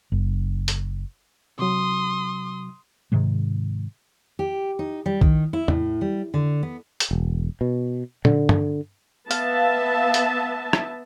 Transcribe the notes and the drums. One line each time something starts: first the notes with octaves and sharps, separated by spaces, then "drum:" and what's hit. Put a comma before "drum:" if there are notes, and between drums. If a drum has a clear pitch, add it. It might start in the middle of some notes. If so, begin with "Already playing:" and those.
F#1
drum: hi-hat
C3 F#3 C6 D#6
G#2 C3 D#3 G#3
G4
D#4
G3
D#3, drum: kick
E4
A2, drum: tom E2
G3
D3
B3
drum: hi-hat
E1
B2
D3, drum: tom
drum: tom
B3 E5 F5 A5, drum: hi-hat
drum: hi-hat
drum: rim click